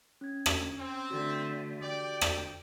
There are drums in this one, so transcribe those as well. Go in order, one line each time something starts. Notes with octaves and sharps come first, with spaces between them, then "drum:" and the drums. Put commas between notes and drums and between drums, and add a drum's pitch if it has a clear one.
C#4 G#6
drum: rim click
C4
D3 A3 F#4 A4
G4 D5 G5
drum: rim click